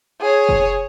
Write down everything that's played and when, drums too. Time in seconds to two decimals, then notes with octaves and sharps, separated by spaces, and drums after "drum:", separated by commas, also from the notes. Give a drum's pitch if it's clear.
0.21 G#4 C#5
0.49 drum: kick